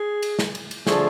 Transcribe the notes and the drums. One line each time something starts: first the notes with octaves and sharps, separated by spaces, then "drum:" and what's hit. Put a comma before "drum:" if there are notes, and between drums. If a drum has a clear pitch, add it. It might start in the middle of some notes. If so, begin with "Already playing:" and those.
Already playing: G#4
drum: cymbal
drum: snare
drum: cymbal
drum: cymbal
D3 F3 A3 D4 G#4, drum: snare